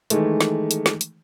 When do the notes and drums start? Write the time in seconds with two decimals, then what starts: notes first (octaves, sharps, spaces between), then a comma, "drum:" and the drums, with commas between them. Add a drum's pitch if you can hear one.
0.10 D#3 E3 G#3 A3, drum: hi-hat
0.41 drum: snare
0.71 drum: hi-hat
0.86 drum: snare
1.01 drum: hi-hat